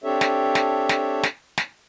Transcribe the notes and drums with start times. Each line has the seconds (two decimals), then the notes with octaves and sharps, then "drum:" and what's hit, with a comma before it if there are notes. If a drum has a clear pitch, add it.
0.04 C4 D4 G4 A4 C#5 E5
0.21 drum: snare
0.55 drum: snare
0.89 drum: snare
1.23 drum: snare
1.58 drum: snare